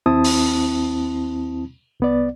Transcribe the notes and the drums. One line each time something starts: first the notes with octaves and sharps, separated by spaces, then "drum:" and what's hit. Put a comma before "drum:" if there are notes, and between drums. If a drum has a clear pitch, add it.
D#2 C4 E4 A5 D#6
drum: open hi-hat
C2 B3 D5